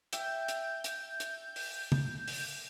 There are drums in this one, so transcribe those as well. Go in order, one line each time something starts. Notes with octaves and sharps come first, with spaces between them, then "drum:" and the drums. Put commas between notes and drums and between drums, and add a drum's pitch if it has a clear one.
E5 G5 G6, drum: hi-hat
drum: hi-hat
drum: hi-hat
drum: hi-hat
drum: open hi-hat
drum: tom
drum: open hi-hat